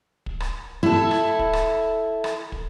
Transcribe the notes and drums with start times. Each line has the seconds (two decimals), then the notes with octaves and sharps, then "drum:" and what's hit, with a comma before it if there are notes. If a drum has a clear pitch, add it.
0.26 drum: kick
0.40 drum: rim click
0.83 E4 A4
1.11 drum: rim click
1.39 drum: kick
1.53 drum: rim click
2.24 drum: rim click
2.52 drum: kick